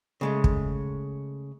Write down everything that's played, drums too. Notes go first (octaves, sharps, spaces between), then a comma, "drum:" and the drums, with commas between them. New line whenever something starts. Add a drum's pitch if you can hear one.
C#3 G#3 A3
drum: kick